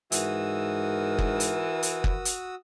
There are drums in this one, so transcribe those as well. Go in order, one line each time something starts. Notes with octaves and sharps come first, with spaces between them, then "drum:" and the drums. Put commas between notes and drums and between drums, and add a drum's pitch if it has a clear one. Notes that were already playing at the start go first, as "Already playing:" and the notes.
G#2 E3 F#4 A#4 D#6 E6, drum: hi-hat
drum: kick F#1
drum: hi-hat
drum: hi-hat
drum: kick F#1
drum: hi-hat